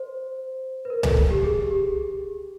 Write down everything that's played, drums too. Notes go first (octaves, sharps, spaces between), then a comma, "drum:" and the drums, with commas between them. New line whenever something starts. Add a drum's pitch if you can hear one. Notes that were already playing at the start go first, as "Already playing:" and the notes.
Already playing: C5
B4
A#4
A4, drum: tom C2
drum: kick C2
G4
G#4
G4